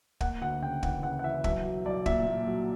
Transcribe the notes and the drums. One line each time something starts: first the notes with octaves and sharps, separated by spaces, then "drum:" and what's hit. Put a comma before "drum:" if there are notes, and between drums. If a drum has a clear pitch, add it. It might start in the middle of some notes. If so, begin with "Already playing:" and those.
A#3 F#5, drum: kick
D2 F#5
C#3 G5
E3 F#5, drum: kick
C#3 F#5
F#5
E3 E5
B1 E5, drum: kick
F#3
B1 D5
A#2 E5, drum: kick
A#2
F#3